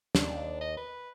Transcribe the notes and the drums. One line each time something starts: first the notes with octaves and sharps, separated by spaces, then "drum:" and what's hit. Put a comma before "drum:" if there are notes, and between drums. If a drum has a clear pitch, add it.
D#2 D4, drum: snare
D#5
B4